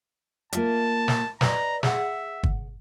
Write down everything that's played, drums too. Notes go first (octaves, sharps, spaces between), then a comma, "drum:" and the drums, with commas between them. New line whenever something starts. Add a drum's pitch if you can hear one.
A#3 F4 E5 A5, drum: hi-hat
drum: snare
B4 D5 D#5 A#5, drum: snare
G#4 E5 F#5, drum: snare
drum: kick